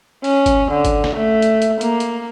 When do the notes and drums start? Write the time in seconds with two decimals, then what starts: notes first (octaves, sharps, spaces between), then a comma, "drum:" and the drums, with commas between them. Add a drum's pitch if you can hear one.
0.24 C#4, drum: open hi-hat
0.46 drum: kick G1, hi-hat
0.72 D3
0.85 drum: kick G1, hi-hat
1.04 drum: snare
1.16 A3
1.42 drum: hi-hat
1.62 drum: hi-hat
1.81 A#3, drum: hi-hat
2.00 drum: hi-hat